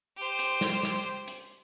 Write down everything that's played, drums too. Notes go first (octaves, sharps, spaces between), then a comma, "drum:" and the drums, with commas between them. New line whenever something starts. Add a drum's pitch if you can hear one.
G4 C5
drum: hi-hat
drum: snare
drum: snare
drum: hi-hat